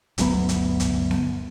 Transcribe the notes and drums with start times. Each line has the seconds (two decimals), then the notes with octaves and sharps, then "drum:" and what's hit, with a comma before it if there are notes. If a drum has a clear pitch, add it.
0.18 G1 D2 F#3 B3, drum: hi-hat
0.49 drum: hi-hat
0.80 drum: kick, hi-hat
1.11 drum: snare B3